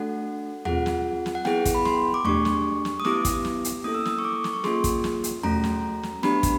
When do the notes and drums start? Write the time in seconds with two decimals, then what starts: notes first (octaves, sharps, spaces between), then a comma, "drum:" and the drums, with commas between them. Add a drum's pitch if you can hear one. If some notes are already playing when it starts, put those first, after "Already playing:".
Already playing: A3 D4 F#4 A4 F#5
0.65 C4 F4 G#4 F#5, drum: tom D#2
0.86 drum: snare
1.26 drum: snare
1.35 F#5
1.45 B3 E4 G#4 G5, drum: snare
1.65 drum: kick, hi-hat
1.75 B5
1.85 C6, drum: snare
2.14 D6
2.25 A3 D4 G4 C#6, drum: tom D#2
2.45 drum: snare
2.85 drum: snare
3.00 D#6
3.05 B3 E4 G4 D6, drum: snare
3.25 drum: kick, hi-hat
3.45 drum: snare
3.64 drum: hi-hat
3.84 A#3 C#4 E4 A4 D#6
3.94 E6
4.05 D#6, drum: snare
4.19 C#6
4.25 D6
4.44 drum: snare
4.53 C#6
4.64 A#3 C#4 F4 G#4 C6, drum: snare
4.84 drum: kick, hi-hat
5.04 drum: snare
5.24 drum: hi-hat
5.43 A3 C#4 F#4 A#5, drum: tom D#2
5.64 drum: snare
6.03 drum: snare
6.23 B3 D4 G4 B5, drum: snare
6.43 drum: kick, hi-hat